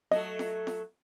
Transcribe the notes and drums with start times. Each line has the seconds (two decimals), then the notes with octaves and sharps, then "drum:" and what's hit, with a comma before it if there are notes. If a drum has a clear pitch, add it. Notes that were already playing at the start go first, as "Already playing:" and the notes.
0.11 F#3 A3 A4 D#5, drum: snare F4
0.39 drum: snare F4
0.67 drum: snare F4